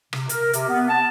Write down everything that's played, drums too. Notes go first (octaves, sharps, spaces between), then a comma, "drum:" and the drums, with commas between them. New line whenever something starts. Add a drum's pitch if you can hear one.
C3, drum: rim click
A#4, drum: hi-hat
C3, drum: hi-hat
B3
A5